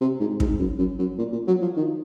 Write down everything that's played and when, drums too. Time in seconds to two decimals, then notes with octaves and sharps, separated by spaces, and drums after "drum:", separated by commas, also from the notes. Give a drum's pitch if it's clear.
0.01 C3
0.20 G#2
0.40 G#2, drum: kick
0.60 F#2
0.79 F#2
0.99 F#2
1.18 A#2
1.33 A#2
1.48 F#3
1.62 F3
1.77 D#3